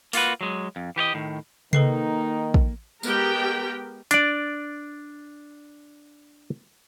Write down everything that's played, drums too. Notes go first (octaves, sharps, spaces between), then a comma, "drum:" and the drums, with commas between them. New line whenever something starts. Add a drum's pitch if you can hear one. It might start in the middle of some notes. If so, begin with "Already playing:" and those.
A#3 F4 F#4 B4, drum: open hi-hat
F#3 G#3
F2
E3 G4 C#5 D#5
A2 D#3
D#3 A#3 D#4 A4 B4 C7, drum: tom C3
drum: kick
G#3 B3 G4 A#4 G5, drum: tambourine
D4 D5, drum: hi-hat